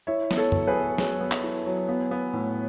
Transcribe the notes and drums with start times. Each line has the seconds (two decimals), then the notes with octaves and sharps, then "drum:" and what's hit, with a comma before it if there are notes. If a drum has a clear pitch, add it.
0.07 E4 C#5 E5
0.31 B3, drum: snare
0.37 A4 C#5
0.52 F#3, drum: tom
0.67 G#4 B4
0.76 B3
0.98 F#3 G#4, drum: snare
1.20 B3
1.32 drum: clap
1.44 E4
1.66 F#3
1.89 B3
2.11 B3
2.33 A2